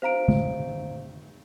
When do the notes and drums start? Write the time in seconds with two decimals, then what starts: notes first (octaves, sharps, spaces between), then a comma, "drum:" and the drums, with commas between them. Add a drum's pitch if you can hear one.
0.02 C5 F5 A#5 D7, drum: cymbal
0.28 drum: tom